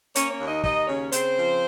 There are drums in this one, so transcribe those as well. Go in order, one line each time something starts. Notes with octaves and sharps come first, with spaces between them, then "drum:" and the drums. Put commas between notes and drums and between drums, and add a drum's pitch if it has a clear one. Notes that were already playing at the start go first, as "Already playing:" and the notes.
A#3 C#4 C#5, drum: hi-hat
C#4 C#5
D#2
D#4 D#5
D#2 D#4 D#5, drum: kick
C#3 C#4 C#5
C#3 C4 C5, drum: hi-hat
F3